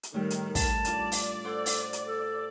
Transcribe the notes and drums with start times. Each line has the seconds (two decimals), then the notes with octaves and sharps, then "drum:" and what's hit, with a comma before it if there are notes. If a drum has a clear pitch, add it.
0.03 drum: hi-hat
0.14 A2 D#3 G3
0.30 drum: hi-hat
0.55 A5, drum: kick, open hi-hat
0.85 D4 F4 D5, drum: hi-hat
1.12 drum: open hi-hat
1.44 A4 C5 F#5 D6
1.66 drum: open hi-hat
1.93 drum: hi-hat
2.06 A4